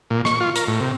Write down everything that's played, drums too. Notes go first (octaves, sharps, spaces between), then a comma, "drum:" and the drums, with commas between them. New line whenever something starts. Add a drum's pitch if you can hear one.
A#2
C#6, drum: rim click
F4
A#4, drum: hi-hat
A2
C3